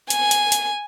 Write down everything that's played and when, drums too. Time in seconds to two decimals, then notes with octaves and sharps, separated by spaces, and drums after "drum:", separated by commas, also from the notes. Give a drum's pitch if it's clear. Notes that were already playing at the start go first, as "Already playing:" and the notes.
0.10 G#5, drum: hi-hat
0.31 drum: hi-hat
0.52 drum: hi-hat